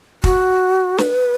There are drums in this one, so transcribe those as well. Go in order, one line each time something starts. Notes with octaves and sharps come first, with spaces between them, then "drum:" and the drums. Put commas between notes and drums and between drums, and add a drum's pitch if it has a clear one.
F#4, drum: kick
B4, drum: snare